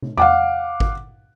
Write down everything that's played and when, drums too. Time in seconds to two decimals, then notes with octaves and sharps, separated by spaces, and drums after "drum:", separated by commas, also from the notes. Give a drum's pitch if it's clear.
0.02 drum: tom
0.17 F5 F#5 D6, drum: tom E2
0.80 drum: kick G#1